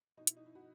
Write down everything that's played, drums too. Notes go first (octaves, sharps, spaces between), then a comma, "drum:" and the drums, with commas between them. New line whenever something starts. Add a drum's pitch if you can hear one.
B2 D#4
E4, drum: hi-hat
D#4
E4
B2 F#4